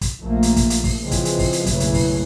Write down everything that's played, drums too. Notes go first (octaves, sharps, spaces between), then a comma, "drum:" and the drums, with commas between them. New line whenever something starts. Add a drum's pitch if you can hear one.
drum: kick, hi-hat
A#1 A3 A#3
drum: hi-hat
drum: kick, hi-hat
drum: hi-hat
drum: kick, open hi-hat
C#3 E3 F3 G#3 C4
drum: kick, hi-hat
drum: hi-hat
drum: kick, open hi-hat
drum: hi-hat
F#1 B1 E2 C#3 E3 A3, drum: kick, hi-hat
drum: hi-hat
drum: kick, open hi-hat